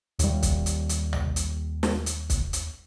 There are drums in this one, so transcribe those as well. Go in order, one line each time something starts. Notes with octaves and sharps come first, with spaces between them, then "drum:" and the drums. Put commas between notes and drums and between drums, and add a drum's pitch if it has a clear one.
D#2 G3, drum: hi-hat
drum: kick, hi-hat
drum: hi-hat
drum: hi-hat
drum: tom A#1
drum: hi-hat
drum: snare
drum: hi-hat
drum: kick, hi-hat
drum: hi-hat